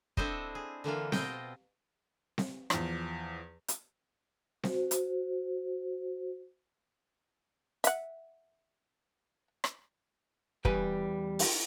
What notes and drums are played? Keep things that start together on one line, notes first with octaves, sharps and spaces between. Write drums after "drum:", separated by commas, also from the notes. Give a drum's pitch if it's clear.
C4 D4 E4 A4 C5 D#5, drum: kick
G#4
D3 E3 A#3 F4
B2 C4 F4 D#5 G5, drum: snare C4
drum: snare C4
E2 F3, drum: rim click
drum: hi-hat
F#4 C5, drum: snare C4
drum: hi-hat
E5 F#5, drum: hi-hat
drum: rim click
E2 G3 B4 G#5, drum: kick
drum: open hi-hat